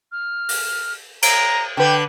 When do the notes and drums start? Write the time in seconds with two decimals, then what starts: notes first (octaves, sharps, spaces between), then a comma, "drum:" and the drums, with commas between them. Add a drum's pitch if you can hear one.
0.12 F6
0.49 drum: open hi-hat
1.22 A#5, drum: cymbal
1.77 D3 B4 G5